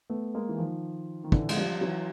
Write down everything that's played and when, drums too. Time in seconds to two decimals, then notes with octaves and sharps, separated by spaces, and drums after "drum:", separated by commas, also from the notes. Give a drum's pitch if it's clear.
0.10 A3 B3
0.34 G#3 A#3
0.49 E3
0.58 D#3 F3
1.24 D#3
1.32 D3 E3, drum: kick
1.49 G#3, drum: cymbal
1.56 F3 G3
1.81 E3 F#3